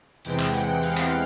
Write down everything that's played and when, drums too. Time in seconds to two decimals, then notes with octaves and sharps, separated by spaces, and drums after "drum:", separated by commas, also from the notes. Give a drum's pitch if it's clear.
0.25 E2 C3 E3 G#3 G5, drum: hi-hat
0.39 drum: clap
0.54 F#5, drum: hi-hat
0.83 F5, drum: hi-hat
0.97 drum: clap